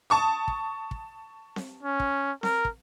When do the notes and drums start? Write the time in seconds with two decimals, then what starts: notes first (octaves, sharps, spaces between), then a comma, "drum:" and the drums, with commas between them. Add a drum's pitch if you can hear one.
0.10 A5 C#6 D#6
0.48 drum: kick
0.91 drum: kick
1.56 drum: snare C4
1.83 C#4
2.00 drum: kick
2.43 A#4, drum: snare C4
2.65 drum: kick